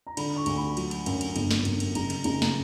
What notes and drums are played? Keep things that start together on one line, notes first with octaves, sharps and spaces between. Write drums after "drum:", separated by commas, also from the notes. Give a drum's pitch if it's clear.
A#5
D3 B5, drum: cymbal
C#6
D2, drum: cymbal
B5
F#3, drum: cymbal
drum: cymbal
F#2, drum: cymbal
drum: cymbal
G1, drum: cymbal
drum: snare
G1, drum: cymbal
drum: cymbal
F#1 A#5, drum: cymbal
drum: cymbal
F#1 A#5, drum: cymbal
A#5, drum: snare